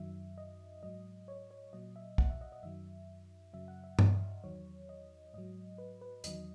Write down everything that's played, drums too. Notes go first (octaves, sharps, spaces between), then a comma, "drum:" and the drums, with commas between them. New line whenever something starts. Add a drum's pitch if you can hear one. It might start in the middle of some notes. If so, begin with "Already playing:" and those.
Already playing: F#2 D#3 F#3 E5
D#5
G#2 F#3 D#5
C#5
C#5
A#2 F#3 D#5
E5
F#5, drum: kick
E5
D#5
D#5
F#2 D#3 F#3 E5
F#2 C#3 F#3 E5
F#5
E5
D#5, drum: tom G2
E2 D#3 F#3 C#5
D#5
G#2 F#3 D#5
B4
B4
E2 D#3 F#3 D#5, drum: hi-hat